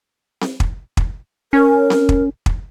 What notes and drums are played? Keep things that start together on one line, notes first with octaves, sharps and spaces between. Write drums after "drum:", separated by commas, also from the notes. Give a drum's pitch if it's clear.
drum: snare C4
drum: kick
drum: kick
C#4 A#4
drum: snare C4
drum: kick
drum: kick